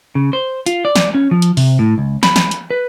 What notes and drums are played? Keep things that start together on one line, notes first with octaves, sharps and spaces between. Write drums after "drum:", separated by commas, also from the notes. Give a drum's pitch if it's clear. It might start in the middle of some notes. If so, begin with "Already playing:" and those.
C#3
C5
F4, drum: hi-hat
D5
drum: snare
C#4
F3
drum: hi-hat
C3, drum: open hi-hat
A2
C#2
B5, drum: snare
drum: snare
drum: hi-hat
B4